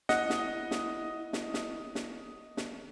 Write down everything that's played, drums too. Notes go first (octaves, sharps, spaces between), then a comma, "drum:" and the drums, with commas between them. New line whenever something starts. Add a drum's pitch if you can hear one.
E4 D#5 F#5, drum: snare
drum: snare
drum: snare
drum: snare
drum: snare
drum: snare
drum: snare